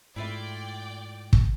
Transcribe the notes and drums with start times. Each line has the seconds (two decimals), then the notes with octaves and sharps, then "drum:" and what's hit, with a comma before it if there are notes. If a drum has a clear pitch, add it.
0.16 G#2 A3 E4 F4 D5 E5 G5
1.33 drum: kick